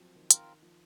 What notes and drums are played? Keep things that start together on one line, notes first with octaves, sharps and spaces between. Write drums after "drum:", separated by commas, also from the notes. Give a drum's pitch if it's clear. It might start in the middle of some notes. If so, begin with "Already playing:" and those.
Already playing: F3 F#3 C4
D#3
C4 F4 A#4, drum: hi-hat
F3